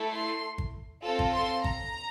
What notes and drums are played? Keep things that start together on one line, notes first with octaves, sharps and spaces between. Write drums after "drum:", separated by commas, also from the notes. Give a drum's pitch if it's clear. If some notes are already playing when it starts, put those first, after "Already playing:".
Already playing: A3 E4 A4
C6
drum: kick G#1
C4 F4 A4
drum: kick G#1
C6
A#5, drum: kick G#1